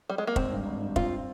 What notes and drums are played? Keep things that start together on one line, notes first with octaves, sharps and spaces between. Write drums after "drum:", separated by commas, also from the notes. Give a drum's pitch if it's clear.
G3
G#3
A#3
G#1 C4, drum: kick
G2
G#1
G2
C4 F4, drum: kick